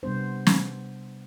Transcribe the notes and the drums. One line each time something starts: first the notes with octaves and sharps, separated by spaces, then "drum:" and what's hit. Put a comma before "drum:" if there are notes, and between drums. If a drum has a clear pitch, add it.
C3 G3 B3 D4 C5
drum: snare